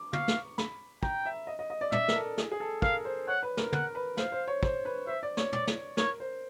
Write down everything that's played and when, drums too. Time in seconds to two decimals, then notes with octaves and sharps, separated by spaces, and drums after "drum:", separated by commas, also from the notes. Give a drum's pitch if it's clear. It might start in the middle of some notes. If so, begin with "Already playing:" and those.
Already playing: D6
0.13 F5 C#6, drum: tom
0.28 drum: snare
0.58 B5, drum: snare
1.03 G5 A#5, drum: kick
1.25 E5
1.47 D#5
1.59 D#5
1.70 D#5
1.81 D5
1.92 D5 E5, drum: tom
2.08 A#4, drum: snare
2.15 A4
2.38 G#4, drum: snare
2.51 G#4
2.60 A4
2.82 A#4 F5, drum: kick
3.05 C5
3.28 C#5 F#5
3.43 B4
3.57 A#4, drum: snare
3.72 A#4 F#5, drum: tom
3.95 B4
4.17 C5 F5, drum: snare
4.32 C5
4.48 C#5
4.63 C5, drum: kick
4.85 B4
5.07 C5 E5
5.23 D5
5.37 C#5, drum: snare
5.52 D5, drum: tom
5.67 drum: snare
5.97 A#4 C#5, drum: snare
6.20 C5